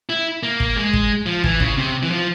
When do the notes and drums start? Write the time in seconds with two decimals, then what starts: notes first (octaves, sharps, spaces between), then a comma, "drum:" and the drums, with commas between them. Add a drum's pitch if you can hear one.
0.09 E4
0.43 A#3
0.60 drum: kick
0.76 G#3
0.93 drum: kick
1.26 F3
1.44 E3, drum: kick
1.60 C#3, drum: kick
1.77 C3
2.03 E3
2.11 F3